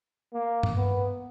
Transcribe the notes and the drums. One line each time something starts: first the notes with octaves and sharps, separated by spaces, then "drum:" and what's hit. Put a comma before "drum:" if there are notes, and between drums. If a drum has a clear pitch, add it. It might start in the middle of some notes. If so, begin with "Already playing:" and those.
A#3
drum: tom G2
B3